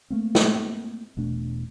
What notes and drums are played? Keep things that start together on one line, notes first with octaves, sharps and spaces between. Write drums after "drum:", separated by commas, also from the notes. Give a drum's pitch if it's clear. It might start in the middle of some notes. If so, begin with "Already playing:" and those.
A3 A#3 C4
drum: snare
E1 B2 A3 D4